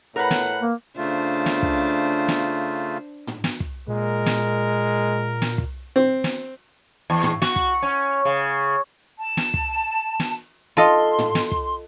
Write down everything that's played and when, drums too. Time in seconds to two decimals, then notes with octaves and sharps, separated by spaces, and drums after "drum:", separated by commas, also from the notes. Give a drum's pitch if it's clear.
0.16 A2 A#4 B4 F#5
0.31 drum: snare
0.62 A#3
0.97 C#3 A3 D4 F4 C5
1.46 drum: snare
1.63 drum: kick
2.28 drum: snare
3.27 drum: tom
3.44 drum: snare
3.60 drum: kick
3.88 A#2 G#3 A#4
4.26 drum: snare
5.42 drum: snare
5.58 drum: kick
5.96 C4
6.24 drum: snare
7.10 E2
7.23 drum: tom
7.42 F#4, drum: snare
7.56 drum: kick
7.82 C#4
8.25 C#3
9.18 A5
9.37 drum: snare
9.54 drum: kick
10.20 drum: snare
10.77 F4 A4 D#5 C6
11.19 drum: tom
11.35 drum: snare
11.51 drum: kick